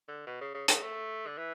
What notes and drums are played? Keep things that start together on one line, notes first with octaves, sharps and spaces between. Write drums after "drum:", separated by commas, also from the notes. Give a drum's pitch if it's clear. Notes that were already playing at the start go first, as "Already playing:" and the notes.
D3
B2
C#3
C#3
C#3, drum: hi-hat
A3
D3
E3